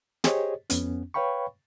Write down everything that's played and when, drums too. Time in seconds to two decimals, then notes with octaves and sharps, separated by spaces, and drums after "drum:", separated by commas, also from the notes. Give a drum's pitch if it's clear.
0.24 G4 G#4 C5 C#5 D#5, drum: snare
0.70 F2 B3 C#4, drum: hi-hat
1.14 B4 C#5 F5 G5 B5 C#6